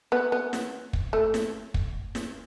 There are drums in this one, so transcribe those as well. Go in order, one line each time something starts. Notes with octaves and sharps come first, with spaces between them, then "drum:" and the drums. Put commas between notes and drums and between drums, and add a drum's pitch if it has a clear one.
B3
B3
drum: snare
drum: kick
A3
drum: snare
drum: kick
drum: snare